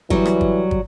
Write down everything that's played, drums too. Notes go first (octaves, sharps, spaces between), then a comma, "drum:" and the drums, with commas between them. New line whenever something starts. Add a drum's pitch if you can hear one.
E3 F#3 G3, drum: kick
drum: rim click
drum: kick
drum: kick